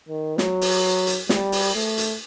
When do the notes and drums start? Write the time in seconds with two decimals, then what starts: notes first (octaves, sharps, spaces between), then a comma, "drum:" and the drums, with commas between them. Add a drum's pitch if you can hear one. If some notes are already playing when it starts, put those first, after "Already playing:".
0.09 D#3
0.38 F#3, drum: snare
0.61 drum: open hi-hat
1.07 drum: hi-hat
1.29 G3, drum: snare
1.52 drum: open hi-hat
1.75 A3
1.98 drum: hi-hat